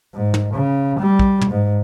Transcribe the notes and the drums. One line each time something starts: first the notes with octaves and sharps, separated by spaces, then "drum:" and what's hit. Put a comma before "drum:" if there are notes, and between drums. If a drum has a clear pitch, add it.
G#2
drum: tom
C#3
G3
drum: kick
drum: tom
G#2